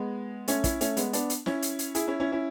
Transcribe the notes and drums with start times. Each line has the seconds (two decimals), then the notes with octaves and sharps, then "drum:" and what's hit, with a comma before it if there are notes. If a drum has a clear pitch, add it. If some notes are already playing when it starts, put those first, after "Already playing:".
Already playing: G#3 B3
0.48 A3 C#4, drum: hi-hat
0.64 C#4 E4, drum: kick, hi-hat
0.81 A3 C#4, drum: hi-hat
0.97 G#3 B3, drum: hi-hat
1.13 B3 D4, drum: hi-hat
1.30 drum: hi-hat
1.46 C#4 E4, drum: snare
1.62 drum: hi-hat
1.79 drum: hi-hat
1.95 E4 G#4, drum: hi-hat
2.07 C#4 E4
2.20 C#4 E4
2.32 C#4 E4